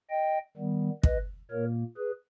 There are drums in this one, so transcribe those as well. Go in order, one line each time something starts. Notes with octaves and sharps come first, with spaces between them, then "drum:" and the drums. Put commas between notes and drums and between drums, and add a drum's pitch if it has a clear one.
D#5 G5
D#3 G3 B3
B4 D#5, drum: kick
A#2 A#3 A#4 C#5
G#4 B4